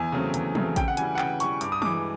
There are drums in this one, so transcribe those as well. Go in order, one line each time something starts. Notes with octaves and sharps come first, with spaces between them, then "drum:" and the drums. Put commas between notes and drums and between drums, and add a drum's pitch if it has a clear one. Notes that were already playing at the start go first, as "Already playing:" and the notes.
Already playing: E2 G#5
C#3 F#3 A3 C4
E2, drum: hi-hat
C#3 F#3 A3 C4, drum: tom
C#3 G5, drum: kick A1, hi-hat
F#5
E3 G3 G#5, drum: hi-hat
F#5
C#3 G5, drum: clap
E3 G3 C#6, drum: hi-hat
G2 D6, drum: hi-hat
D#6
E3 G#3 D6, drum: tom